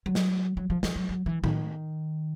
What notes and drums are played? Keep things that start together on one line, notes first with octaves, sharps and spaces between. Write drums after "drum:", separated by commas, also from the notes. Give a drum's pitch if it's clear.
F#3
drum: snare
F#3
F3
F3, drum: snare
F#3
F#3
E3
D#3, drum: tom A2